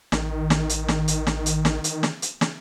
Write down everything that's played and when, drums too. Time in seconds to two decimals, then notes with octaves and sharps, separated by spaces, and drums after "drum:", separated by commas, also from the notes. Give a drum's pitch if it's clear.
0.12 A1 D#3, drum: snare
0.50 drum: snare
0.69 drum: hi-hat
0.89 drum: snare
1.08 drum: hi-hat
1.27 drum: snare
1.46 drum: hi-hat
1.65 drum: snare
1.84 drum: hi-hat
2.03 drum: snare
2.22 drum: hi-hat
2.41 drum: snare